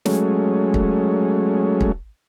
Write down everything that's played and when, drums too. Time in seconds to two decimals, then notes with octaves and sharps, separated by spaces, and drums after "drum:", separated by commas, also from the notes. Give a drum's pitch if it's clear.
0.05 F#3 G#3 A3 C#4, drum: snare
0.74 drum: kick
1.81 drum: kick